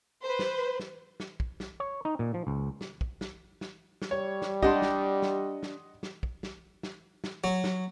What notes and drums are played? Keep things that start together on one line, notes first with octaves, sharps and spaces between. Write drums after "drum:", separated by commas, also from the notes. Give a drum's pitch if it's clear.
B4 C5
drum: snare
drum: snare
drum: snare
drum: kick
drum: snare
C#5
D#4
A#2
F3
C#2
drum: snare
drum: kick
drum: snare
drum: snare
drum: snare
G3 C#5
drum: snare
D4 G4 D#5 F#5 C6, drum: kick
drum: snare
drum: snare
drum: snare
drum: snare
drum: kick
drum: snare
drum: snare
drum: snare
F#3
drum: snare